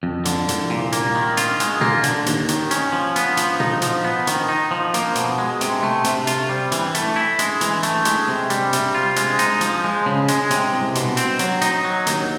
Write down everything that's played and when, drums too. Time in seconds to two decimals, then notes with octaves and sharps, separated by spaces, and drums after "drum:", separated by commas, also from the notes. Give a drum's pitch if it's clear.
0.03 F2
0.25 D3, drum: hi-hat
0.49 C2, drum: hi-hat
0.70 A#2
0.92 A#3, drum: hi-hat
1.15 D#3
1.37 F4, drum: hi-hat
1.60 G#3, drum: hi-hat
1.81 A#3, drum: tom
2.03 D3, drum: hi-hat
2.26 D#2, drum: hi-hat
2.48 D#3, drum: hi-hat
2.71 C#4, drum: hi-hat
2.92 F3
3.16 B3, drum: hi-hat
3.37 F3, drum: hi-hat
3.60 D#4, drum: tom
3.82 F3, drum: hi-hat
4.04 B3
4.27 D#3, drum: hi-hat
4.49 D#4
4.71 F3
4.94 A#3, drum: hi-hat
5.15 B2, drum: hi-hat
5.38 G#3
5.61 C3, drum: hi-hat
5.83 A3
6.04 C3, drum: hi-hat
6.27 F4, drum: hi-hat
6.49 G3
6.72 E3, drum: hi-hat
6.95 A3, drum: hi-hat
7.16 E4
7.39 G#3, drum: hi-hat
7.61 E3, drum: hi-hat
7.83 A3, drum: hi-hat
8.05 G#3, drum: hi-hat
8.28 C3
8.50 G3, drum: hi-hat
8.73 C3, drum: hi-hat
8.95 F4
9.16 G#3, drum: hi-hat
9.39 D#4, drum: hi-hat
9.61 F3, drum: hi-hat
9.84 G#3
10.06 C#3
10.28 G#3, drum: hi-hat
10.51 C3, drum: hi-hat
10.73 C2
10.95 B2, drum: hi-hat
11.17 C4, drum: hi-hat
11.39 F#3, drum: hi-hat
11.61 D#4, drum: hi-hat
11.84 F#3
12.07 D#2, drum: hi-hat